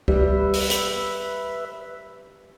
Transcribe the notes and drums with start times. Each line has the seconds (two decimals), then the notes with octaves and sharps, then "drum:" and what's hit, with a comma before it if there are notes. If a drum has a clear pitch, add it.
0.08 G3 B4 E5, drum: kick
0.53 drum: open hi-hat
0.70 drum: hi-hat